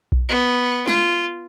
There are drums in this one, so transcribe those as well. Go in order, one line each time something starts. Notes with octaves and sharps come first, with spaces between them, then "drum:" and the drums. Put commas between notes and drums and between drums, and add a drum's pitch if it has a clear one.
drum: kick B1
B3
F4, drum: snare